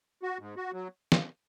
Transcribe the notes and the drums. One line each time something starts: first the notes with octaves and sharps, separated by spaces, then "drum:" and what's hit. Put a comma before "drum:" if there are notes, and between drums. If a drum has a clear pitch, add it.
F#4
G#2
F#4
F#3
drum: snare